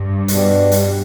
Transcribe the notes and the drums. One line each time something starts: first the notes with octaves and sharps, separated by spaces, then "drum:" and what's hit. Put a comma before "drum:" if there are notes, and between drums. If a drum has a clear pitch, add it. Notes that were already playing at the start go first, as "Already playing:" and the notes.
Already playing: G2
B2 G3 D4, drum: hi-hat
drum: hi-hat